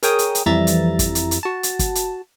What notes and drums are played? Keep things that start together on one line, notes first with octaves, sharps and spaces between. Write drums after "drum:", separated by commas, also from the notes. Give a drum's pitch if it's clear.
G#4 A#4 C#5 G5 D#6, drum: hi-hat
drum: hi-hat
drum: hi-hat
F2 E3 G3 E5 A#5 A6
drum: hi-hat
drum: kick, hi-hat
drum: hi-hat
drum: hi-hat
F#4 A5
drum: hi-hat
drum: kick, hi-hat
drum: hi-hat